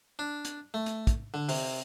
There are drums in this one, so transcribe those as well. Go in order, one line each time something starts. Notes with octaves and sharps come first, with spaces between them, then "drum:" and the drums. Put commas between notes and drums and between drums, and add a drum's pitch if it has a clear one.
D4
drum: hi-hat
A3
drum: hi-hat
drum: kick, hi-hat
D3
C3, drum: open hi-hat